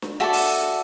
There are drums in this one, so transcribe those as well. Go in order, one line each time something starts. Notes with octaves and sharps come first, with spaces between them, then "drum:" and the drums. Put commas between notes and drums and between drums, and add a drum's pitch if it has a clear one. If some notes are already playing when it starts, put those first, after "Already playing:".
drum: snare D4
F#4 A4 D5 E5
drum: open hi-hat